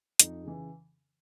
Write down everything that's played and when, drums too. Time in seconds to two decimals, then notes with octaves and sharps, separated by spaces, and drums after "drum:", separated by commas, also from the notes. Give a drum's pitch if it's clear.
0.20 F2 D#4, drum: hi-hat
0.44 C#3 E3